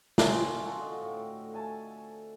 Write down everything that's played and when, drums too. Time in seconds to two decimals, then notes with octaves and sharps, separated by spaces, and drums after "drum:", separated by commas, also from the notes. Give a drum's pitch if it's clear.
0.18 C4 C#4 G#4 C5, drum: snare
0.63 F4 F#4 A4
0.81 D3 D#5 F5
1.01 A2 F#4 G5
1.54 A3 G#5 A5